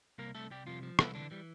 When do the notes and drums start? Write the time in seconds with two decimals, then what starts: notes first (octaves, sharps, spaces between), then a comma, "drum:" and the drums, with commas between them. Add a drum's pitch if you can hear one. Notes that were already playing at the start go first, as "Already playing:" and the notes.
0.18 C2 A#3 A#4
0.35 C2 A3 A4
0.50 C2 G3 G4
0.67 C3 F3 F4
0.83 F3
0.99 C2 E3 E4, drum: rim click
1.15 D3 E3 D4
1.31 E3 G3